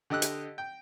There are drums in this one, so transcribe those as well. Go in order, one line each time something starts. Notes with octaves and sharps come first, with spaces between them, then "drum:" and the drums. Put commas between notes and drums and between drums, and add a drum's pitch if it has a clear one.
D3 G4 D#5 E6 F#6
drum: hi-hat
G5